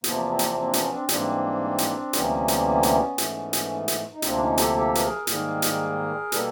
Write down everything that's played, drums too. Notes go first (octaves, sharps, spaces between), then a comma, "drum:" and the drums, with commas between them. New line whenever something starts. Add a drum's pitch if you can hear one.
E2 C3 F3 A#3 B3, drum: hi-hat
A#3 C4
drum: hi-hat
A#3 C4
D4
B3 C#4, drum: hi-hat
C4 D4
C#4
G#2 E3 G3 A#3 C4 D4, drum: hi-hat
drum: hi-hat
D2 C3 E3 G3 A#3 B3 C#4, drum: hi-hat
drum: hi-hat
drum: hi-hat
G#2 E3 A3, drum: hi-hat
drum: hi-hat
B3
drum: hi-hat
D#4
D2 C3 F3 A#3 C4 D4, drum: hi-hat
D4
C#4 D#4
G4 A4, drum: hi-hat
G4 A4
B4, drum: hi-hat
G#4 A#4
G#2 D#3 G3 A#3 G#4 A#4, drum: hi-hat
drum: hi-hat
B2 G3 A#3 A4 B4, drum: hi-hat